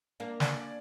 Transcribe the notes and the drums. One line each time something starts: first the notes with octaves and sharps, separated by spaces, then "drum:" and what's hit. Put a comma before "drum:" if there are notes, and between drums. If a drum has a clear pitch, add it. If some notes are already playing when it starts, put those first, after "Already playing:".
A#3 D4
D5 G#5, drum: snare